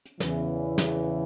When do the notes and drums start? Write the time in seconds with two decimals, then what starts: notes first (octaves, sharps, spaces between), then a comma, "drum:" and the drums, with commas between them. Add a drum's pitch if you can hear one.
0.05 drum: hi-hat
0.20 E2 C#3 E3, drum: snare
0.78 drum: snare